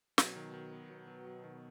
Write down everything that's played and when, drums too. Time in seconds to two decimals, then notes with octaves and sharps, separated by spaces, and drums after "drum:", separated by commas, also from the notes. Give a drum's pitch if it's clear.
0.18 B2 F#3, drum: snare
0.36 D#3
0.54 D#3
0.73 B3
0.90 B2 F#3
1.08 F#3
1.26 F#3
1.44 D#3